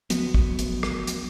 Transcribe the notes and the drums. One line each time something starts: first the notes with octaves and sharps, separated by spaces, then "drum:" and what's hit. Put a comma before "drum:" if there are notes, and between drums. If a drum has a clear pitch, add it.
D2 F3 F#3 B3, drum: hi-hat
drum: kick
drum: hi-hat
drum: rim click
drum: hi-hat